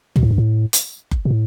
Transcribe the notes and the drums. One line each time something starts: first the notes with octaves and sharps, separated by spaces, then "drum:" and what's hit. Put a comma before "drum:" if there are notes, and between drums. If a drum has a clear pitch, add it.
B2, drum: tom
A2
G2
A2
drum: hi-hat
drum: kick F#1
B2
A2